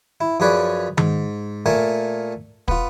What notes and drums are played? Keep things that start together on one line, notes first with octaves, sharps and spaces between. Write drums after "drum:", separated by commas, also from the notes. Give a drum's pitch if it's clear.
E4
F#2 F3 G#4 B4 C#5 D5
G#2, drum: tom D#3
A#2 A3 A#4 G#5 A5
B3 F4, drum: kick